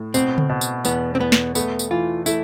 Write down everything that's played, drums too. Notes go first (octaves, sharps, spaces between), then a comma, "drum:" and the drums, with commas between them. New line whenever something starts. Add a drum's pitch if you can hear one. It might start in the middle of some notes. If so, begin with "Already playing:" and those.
Already playing: A2
B2 C4, drum: tambourine
drum: tom C#3
B2
drum: tambourine
E2 B3, drum: tambourine
C4
E2 B3
drum: snare
A3 B3, drum: tambourine
drum: tambourine
E3 F4
A3 E4, drum: tambourine